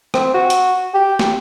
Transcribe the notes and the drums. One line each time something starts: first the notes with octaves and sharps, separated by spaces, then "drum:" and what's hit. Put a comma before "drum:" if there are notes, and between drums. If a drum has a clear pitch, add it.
C4, drum: rim click
F#4
drum: hi-hat
G4
drum: snare